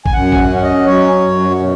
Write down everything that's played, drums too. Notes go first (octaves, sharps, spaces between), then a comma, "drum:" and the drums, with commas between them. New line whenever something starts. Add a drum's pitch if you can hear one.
G#5, drum: kick A1
F#2 F#5
G#5, drum: kick A1
F#5
C#4
F#5
D#5
F#3 C#5
F#2
F#4
B2